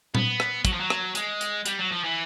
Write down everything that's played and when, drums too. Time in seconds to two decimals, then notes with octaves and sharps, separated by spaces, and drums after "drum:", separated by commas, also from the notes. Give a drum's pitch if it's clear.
0.15 B3, drum: tom A#2
0.40 drum: rim click
0.65 F#3, drum: kick, hi-hat
0.72 F3
0.80 F#3
0.90 drum: rim click
1.15 G#3, drum: hi-hat
1.41 drum: hi-hat
1.66 G3, drum: hi-hat
1.79 F#3
1.92 F3
2.04 E3